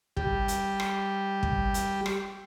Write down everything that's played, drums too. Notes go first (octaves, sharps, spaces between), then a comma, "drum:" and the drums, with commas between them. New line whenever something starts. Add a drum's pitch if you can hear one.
G3 G4, drum: kick
drum: hi-hat
drum: rim click
drum: kick
drum: hi-hat
drum: rim click